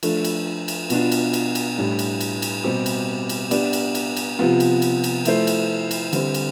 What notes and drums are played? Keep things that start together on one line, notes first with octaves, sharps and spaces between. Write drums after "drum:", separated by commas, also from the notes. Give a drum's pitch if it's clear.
F3 A3 D4 A4, drum: cymbal
drum: cymbal
drum: cymbal
B2 B3 D4 F4, drum: cymbal
drum: cymbal
drum: cymbal
drum: cymbal
A2 G3 D4
drum: cymbal
drum: cymbal
drum: cymbal
B2 G3 C4 G4
drum: cymbal
drum: cymbal
B3 D4 G4 D5, drum: cymbal
drum: cymbal
drum: cymbal
drum: cymbal
C3 F3 B3 F4
drum: cymbal
drum: cymbal
drum: cymbal
F3 A3 E4 A4 C5, drum: cymbal
drum: cymbal
drum: cymbal
D3 G3 C4, drum: cymbal
drum: cymbal